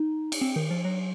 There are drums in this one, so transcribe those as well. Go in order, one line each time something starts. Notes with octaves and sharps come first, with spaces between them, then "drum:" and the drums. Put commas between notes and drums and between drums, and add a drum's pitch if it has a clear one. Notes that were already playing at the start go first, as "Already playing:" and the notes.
Already playing: D#4
drum: cymbal
C4
D#3
F3
F#3